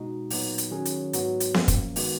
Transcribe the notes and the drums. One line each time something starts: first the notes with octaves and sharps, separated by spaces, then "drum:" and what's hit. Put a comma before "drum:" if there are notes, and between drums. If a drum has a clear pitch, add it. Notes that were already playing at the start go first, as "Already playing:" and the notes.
Already playing: B2 G#3 D#4 F#4
A#2 F#3 B3 D#4, drum: open hi-hat
drum: hi-hat
D#3 F#3 C#4 G#4
drum: hi-hat
G#2 F#3 B3 F#4, drum: hi-hat
drum: hi-hat
F#2 F3 A#3, drum: snare B3
drum: kick, hi-hat
D#3 G#3 B3 F#4, drum: open hi-hat